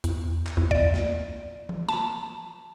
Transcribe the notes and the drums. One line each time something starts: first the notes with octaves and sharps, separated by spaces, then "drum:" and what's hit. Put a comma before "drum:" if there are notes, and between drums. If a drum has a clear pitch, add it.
E2, drum: hi-hat
drum: clap
E2
D5, drum: kick C2
drum: snare
drum: tom F3
A5, drum: snare